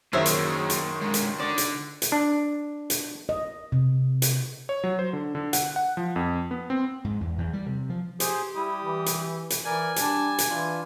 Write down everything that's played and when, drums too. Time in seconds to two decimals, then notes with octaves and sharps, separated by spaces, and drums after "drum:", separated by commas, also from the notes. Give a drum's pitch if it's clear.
0.13 F#2 D#3 A#3 F#4 G#4 C5 C#5 E5
0.26 drum: hi-hat
0.70 drum: hi-hat
1.01 D3 G#3
1.14 drum: hi-hat
1.39 D3 D5
1.58 drum: hi-hat
2.02 drum: hi-hat
2.12 D4
2.90 drum: hi-hat
3.29 D#5
3.72 C3
4.22 drum: hi-hat
4.69 C#5
4.84 F#3
4.99 C5
5.13 D3
5.35 D3
5.53 F#5, drum: hi-hat
5.76 F#5
5.97 F3
6.16 F2
6.51 B3
6.70 C4
7.04 G#2
7.20 E2
7.38 E2
7.53 G3
7.66 C3
7.90 F3
8.20 G4 G#4 C5, drum: hi-hat
8.55 G3 E4 D#6
8.84 E3
9.06 drum: hi-hat
9.50 drum: hi-hat
9.65 E3 A#4 D5 G#5
9.96 G3 D4 A5, drum: hi-hat
10.38 drum: hi-hat
10.50 E3 D4 F4